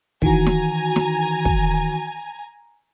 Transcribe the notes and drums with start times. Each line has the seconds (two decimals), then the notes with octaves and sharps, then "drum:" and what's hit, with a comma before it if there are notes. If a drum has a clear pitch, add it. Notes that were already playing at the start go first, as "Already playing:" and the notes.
0.22 D#3 E3 F#4 G#5 A#5, drum: kick
0.46 drum: snare
0.96 drum: snare
1.45 drum: kick